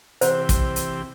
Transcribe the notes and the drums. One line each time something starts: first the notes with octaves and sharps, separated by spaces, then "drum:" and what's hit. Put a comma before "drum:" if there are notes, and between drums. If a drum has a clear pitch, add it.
C3 E3 C4 G4 C5, drum: hi-hat
drum: kick, hi-hat
drum: hi-hat